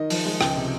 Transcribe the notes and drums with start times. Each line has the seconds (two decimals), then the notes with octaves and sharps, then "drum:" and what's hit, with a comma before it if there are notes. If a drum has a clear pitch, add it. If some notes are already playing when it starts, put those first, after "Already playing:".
Already playing: D#3 D#5
0.10 F3, drum: open hi-hat
0.25 G#3
0.41 C#2 G5, drum: rim click
0.56 C3